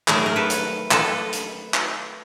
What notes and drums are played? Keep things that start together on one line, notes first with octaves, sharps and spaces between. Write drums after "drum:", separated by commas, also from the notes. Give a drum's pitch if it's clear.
D#3 F#3 A3 G#4 A#4, drum: clap
A#4
A4 B4
drum: hi-hat
A4 B4, drum: clap
drum: hi-hat
drum: clap